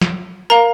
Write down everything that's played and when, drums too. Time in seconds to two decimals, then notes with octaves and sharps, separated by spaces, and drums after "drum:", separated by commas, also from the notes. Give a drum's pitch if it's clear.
0.01 drum: snare
0.50 A#4 F5 A#5